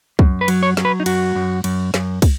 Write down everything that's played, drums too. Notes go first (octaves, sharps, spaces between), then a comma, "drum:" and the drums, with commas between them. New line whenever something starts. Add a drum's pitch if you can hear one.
F#2, drum: kick
B4
F#3, drum: cymbal
C#5
F#3, drum: snare
B4
D#4
F#2 F#4, drum: cymbal
F#2
F#2, drum: cymbal
F#2, drum: snare
drum: kick, cymbal